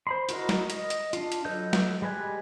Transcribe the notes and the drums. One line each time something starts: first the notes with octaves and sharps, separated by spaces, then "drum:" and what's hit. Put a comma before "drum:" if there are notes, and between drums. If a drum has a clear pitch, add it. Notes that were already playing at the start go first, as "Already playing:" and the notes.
C5 B5 C6
E4 F#4 A#4 D#5, drum: hi-hat
drum: snare
D#5, drum: hi-hat
drum: hi-hat
D4 F4, drum: hi-hat
drum: hi-hat
F#3 A4 B4 D#5 G6
drum: snare
G3 G#3 B4 G#5 F#6